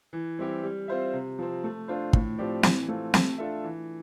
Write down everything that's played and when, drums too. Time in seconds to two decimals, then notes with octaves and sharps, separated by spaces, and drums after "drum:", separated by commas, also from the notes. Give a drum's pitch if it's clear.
0.13 E3
0.39 G3 C4 E4 G4
0.63 G3
0.88 C4 F4 C5 E5
1.13 C3
1.39 F3 C4
1.64 A3
1.88 D4 F4 C5
2.13 A2, drum: kick
2.38 F3 C4 G4 D5
2.63 E3, drum: snare
2.88 A3 C4 F4
3.14 A3, drum: snare
3.38 D4 F4 A4 E5
3.64 E3